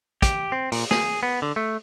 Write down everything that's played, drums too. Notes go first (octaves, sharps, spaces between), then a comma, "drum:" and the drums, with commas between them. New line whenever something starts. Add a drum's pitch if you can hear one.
G4, drum: kick, hi-hat
C4
A#2, drum: open hi-hat
G#4, drum: snare
B3
D3
A3